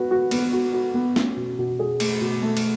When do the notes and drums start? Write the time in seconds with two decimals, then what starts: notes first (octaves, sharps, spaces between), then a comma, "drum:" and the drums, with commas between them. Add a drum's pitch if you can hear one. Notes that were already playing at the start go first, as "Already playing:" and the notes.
Already playing: B3 F#4 B4
0.11 F#4
0.31 B3, drum: cymbal
0.53 F#4
0.73 F#4
0.94 B3
1.16 C#4, drum: snare
1.37 B2
1.59 B2
1.79 G#4
2.00 A3, drum: cymbal
2.21 B2
2.42 A3
2.57 drum: cymbal